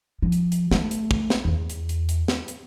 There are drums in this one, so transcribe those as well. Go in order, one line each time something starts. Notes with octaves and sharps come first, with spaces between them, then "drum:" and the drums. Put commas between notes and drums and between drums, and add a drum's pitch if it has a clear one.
F3
drum: hi-hat
drum: hi-hat
A3, drum: snare
drum: hi-hat
drum: kick
drum: snare
E2
drum: hi-hat
drum: hi-hat
drum: hi-hat
drum: snare
drum: hi-hat